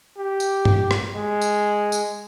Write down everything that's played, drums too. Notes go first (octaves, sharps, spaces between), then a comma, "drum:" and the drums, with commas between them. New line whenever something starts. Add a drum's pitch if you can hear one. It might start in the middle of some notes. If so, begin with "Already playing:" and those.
G4
drum: tambourine
drum: tom G2
drum: rim click
G#3
drum: tambourine
drum: tambourine